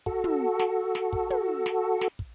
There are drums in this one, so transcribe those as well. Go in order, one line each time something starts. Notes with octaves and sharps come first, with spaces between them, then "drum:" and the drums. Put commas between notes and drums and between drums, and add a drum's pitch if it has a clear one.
F#4 A4, drum: kick
drum: tom
drum: snare
drum: snare
drum: kick
drum: tom
drum: snare
drum: snare
drum: kick